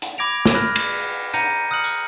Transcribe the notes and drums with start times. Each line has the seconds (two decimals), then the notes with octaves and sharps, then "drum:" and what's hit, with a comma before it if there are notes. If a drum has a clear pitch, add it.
0.02 drum: hi-hat
0.18 B5 D6 G#6 A#6 D7 F7
0.45 drum: snare
0.55 B5 F6 F#6 A#6
0.76 drum: cymbal
1.34 A#5 G6 A#6 C#7 D#7, drum: hi-hat
1.71 D#6 F6 F#6 C#7 F#7
1.84 drum: tambourine